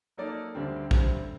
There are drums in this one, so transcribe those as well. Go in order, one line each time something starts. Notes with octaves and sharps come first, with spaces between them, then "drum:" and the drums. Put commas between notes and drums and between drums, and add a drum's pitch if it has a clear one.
F#3 A#3 D#4 A4 D5
D2 D3 G3 C4
D2 D3 G3 C4, drum: kick